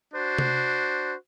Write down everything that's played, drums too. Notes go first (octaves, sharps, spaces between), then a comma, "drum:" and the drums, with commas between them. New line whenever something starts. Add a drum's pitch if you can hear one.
D4 F#4 C5
drum: tom C3